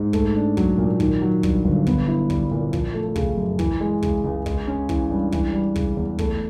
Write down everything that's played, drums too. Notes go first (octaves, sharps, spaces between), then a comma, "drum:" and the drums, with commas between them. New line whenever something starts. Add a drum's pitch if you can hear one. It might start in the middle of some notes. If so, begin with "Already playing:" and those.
Already playing: G#2
A3, drum: kick
D4
F#3, drum: kick
A#2
D#3, drum: kick
F#3
G2, drum: kick
G1
B3, drum: kick
E4
G3, drum: kick
A#2
F3, drum: kick
A3
C#3, drum: kick
F#2
E3, drum: kick
G#3
C#3, drum: kick
C#2
G#3, drum: kick
C#4
E3, drum: kick
G2
E3, drum: kick
G3
C#3, drum: kick
E2
A3, drum: kick